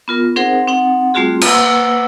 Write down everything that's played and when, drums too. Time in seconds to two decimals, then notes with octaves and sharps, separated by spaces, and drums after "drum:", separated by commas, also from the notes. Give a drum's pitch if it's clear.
0.08 B3 F4 A#4
0.36 C4 D#4 G#4 A#4 C5 F#5
0.68 C4 D#4 F#5
1.14 G3 A3 C4 F4 F#4 G#4
1.42 A#3 B4 F#5 E6, drum: cymbal